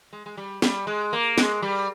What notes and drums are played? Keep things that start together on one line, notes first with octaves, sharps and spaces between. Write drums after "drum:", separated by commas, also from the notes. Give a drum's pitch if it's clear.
G#3
G#3
G3
G3, drum: snare
G#3
A#3
G#3, drum: snare
G3